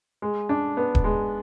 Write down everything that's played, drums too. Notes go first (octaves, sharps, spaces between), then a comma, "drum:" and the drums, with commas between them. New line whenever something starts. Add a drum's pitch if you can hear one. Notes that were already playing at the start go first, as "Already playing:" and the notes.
G#3
D4
B3
drum: kick D#1
G#3